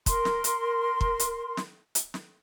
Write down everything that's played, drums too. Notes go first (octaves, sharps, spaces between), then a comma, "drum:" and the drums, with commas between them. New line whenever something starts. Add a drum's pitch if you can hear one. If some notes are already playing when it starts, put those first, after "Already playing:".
A#4 C6, drum: kick, hi-hat
drum: snare
drum: hi-hat
drum: kick
drum: hi-hat
drum: snare
drum: hi-hat
drum: snare